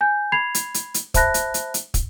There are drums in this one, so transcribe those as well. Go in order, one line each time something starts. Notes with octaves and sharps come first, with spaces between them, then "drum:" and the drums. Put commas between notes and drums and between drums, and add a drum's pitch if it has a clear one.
G#5 G6
B5 G#6 C7 F7
drum: hi-hat
drum: hi-hat
drum: hi-hat
C5 E5 A5 B5 F#6 A#6, drum: kick, hi-hat
drum: hi-hat
drum: hi-hat
drum: hi-hat
drum: kick, hi-hat